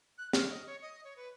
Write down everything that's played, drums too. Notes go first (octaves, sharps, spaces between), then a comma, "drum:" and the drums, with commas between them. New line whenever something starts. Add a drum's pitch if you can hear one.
F#6
F6, drum: snare
D#5
C#5
D#5
C#5
B4